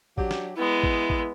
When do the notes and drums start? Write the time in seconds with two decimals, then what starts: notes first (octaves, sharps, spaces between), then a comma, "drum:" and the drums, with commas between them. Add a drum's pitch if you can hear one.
0.18 F#3 D4 G4, drum: kick A1
0.31 drum: snare
0.57 G#3 B3 E4
0.83 drum: kick A1
1.10 drum: kick A1